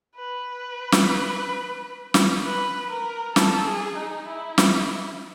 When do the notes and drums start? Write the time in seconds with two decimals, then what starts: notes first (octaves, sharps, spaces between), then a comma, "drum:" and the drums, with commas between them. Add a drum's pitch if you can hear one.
0.16 B4
0.92 drum: snare
2.14 drum: snare
2.44 B4
2.90 A#4
3.36 A4, drum: snare
3.66 G#4
3.97 D#4
4.28 E4
4.58 drum: snare